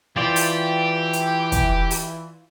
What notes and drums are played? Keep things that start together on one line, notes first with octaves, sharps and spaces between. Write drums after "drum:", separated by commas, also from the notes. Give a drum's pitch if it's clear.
E3 F4 G4 C5 D5 G5
drum: open hi-hat
drum: hi-hat
drum: kick, hi-hat
drum: open hi-hat